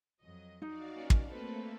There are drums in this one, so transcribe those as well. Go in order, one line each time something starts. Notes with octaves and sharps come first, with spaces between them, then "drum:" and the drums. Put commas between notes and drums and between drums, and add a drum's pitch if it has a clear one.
F2 F#3 D#5
D#4 F#4 D5 F5
A#3 C#4
drum: kick
A3 A#3 C4 A4 B4